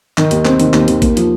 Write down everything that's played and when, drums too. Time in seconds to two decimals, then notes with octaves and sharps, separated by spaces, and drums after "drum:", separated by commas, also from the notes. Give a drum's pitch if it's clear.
0.18 D#3, drum: clap
0.31 D#2, drum: hi-hat
0.45 C4, drum: clap
0.60 D#3, drum: hi-hat
0.73 D#2, drum: clap
0.88 D#2, drum: hi-hat
1.02 A#3, drum: kick A1, hi-hat
1.17 F3, drum: hi-hat